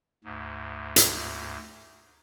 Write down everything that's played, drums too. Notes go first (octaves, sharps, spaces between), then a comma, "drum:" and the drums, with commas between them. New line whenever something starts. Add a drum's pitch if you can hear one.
D2 G#2
drum: hi-hat